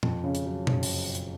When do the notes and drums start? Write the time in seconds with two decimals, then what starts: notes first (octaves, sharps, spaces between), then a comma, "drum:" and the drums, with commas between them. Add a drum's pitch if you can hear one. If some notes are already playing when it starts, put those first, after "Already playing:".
0.03 F2, drum: tom A#2
0.24 C#3
0.35 drum: hi-hat
0.46 F#3
0.67 F#1, drum: tom B2
0.83 drum: open hi-hat
1.15 drum: hi-hat